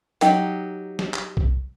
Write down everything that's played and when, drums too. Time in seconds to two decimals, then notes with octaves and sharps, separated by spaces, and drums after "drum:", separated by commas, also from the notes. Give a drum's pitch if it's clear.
0.21 F#3 D#4 G4, drum: hi-hat
0.99 drum: snare
1.14 drum: clap
1.37 drum: kick B1